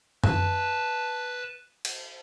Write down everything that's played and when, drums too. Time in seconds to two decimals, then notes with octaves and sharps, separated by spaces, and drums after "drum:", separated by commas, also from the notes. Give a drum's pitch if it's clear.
0.24 B4 A5, drum: tom F#2
1.85 drum: cymbal